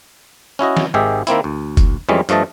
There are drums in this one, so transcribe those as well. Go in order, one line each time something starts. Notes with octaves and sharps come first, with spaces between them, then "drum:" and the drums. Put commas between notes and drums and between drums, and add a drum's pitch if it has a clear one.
C#4 E4 F#4 D#5
drum: snare
G#1 G#2 D#3 G4 G#4 E5
D#3 A#3 C4 E4, drum: hi-hat
D2
drum: kick F#1, hi-hat
F2 E3 G3 G#3 C#4
G2 F3 A3 D#5 A5, drum: hi-hat